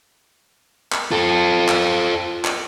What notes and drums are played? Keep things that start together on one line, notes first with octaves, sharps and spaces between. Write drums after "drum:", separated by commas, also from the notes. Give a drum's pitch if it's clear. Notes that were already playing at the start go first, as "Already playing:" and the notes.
drum: clap
F4 A4
drum: clap
drum: clap